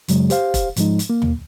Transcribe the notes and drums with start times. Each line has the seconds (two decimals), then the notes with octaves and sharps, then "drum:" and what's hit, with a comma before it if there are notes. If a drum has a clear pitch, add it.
0.08 F#2 C#3 F#3 G#3, drum: hi-hat
0.30 G4 C5 F5, drum: hi-hat
0.54 drum: kick E1, hi-hat
0.76 G#2 F3 G#3 D#4, drum: hi-hat
0.99 drum: hi-hat
1.10 A#3
1.22 drum: tom